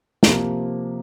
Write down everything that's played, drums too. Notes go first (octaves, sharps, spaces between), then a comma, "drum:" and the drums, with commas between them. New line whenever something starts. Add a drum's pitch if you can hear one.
C3 F3 A#3, drum: snare